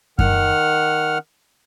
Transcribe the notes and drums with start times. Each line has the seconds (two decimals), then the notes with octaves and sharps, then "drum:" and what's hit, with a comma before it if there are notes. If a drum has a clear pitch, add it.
0.19 D#3 F#5 F6, drum: kick F#2